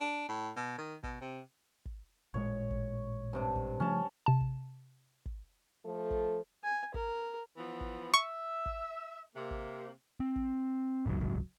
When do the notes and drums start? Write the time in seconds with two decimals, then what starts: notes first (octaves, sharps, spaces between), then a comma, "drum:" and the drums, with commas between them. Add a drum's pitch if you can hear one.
0.01 D4
0.29 A2
0.56 B2
0.78 D#3
1.03 B2, drum: kick
1.21 C3
1.85 drum: kick
2.34 A1 A#2 G#3 C#5
2.70 drum: kick
3.33 G2 C3 D4
3.56 drum: kick
3.80 C#3 F3 A3 C#4 A5
4.26 C3 A5
4.41 drum: kick
5.26 drum: kick
5.86 F3 A3 A4
6.11 drum: kick
6.64 G#5
6.94 A#4, drum: kick
7.57 E3 F3 B3
7.81 drum: kick
8.14 E5 C#6
8.66 drum: kick
9.36 C3 A#3
9.51 drum: kick
10.20 C4
10.36 drum: kick
11.06 D1 G1 C#2 F#3
11.21 drum: kick